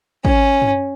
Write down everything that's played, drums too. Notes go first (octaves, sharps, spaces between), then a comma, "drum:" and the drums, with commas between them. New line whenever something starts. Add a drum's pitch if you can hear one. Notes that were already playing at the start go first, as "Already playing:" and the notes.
C#4, drum: kick
drum: tom